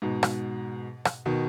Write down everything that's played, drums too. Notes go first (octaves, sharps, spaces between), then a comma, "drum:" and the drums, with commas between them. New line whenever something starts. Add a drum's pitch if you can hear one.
G#2 B2
drum: rim click
drum: rim click
B2 D#3